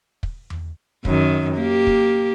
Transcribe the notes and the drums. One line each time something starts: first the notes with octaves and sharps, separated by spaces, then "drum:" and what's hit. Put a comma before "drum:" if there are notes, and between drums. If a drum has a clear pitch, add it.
drum: kick
drum: tom E2
F#2 D#3, drum: kick
A#3 G4
drum: kick